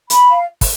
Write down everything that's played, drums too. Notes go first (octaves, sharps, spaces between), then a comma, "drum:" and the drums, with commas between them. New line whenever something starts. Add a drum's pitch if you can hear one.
B5, drum: hi-hat
F5
drum: kick, open hi-hat